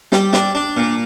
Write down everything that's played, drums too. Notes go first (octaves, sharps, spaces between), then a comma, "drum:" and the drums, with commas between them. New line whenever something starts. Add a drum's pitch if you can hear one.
G3, drum: snare
D4, drum: snare
D4
A#2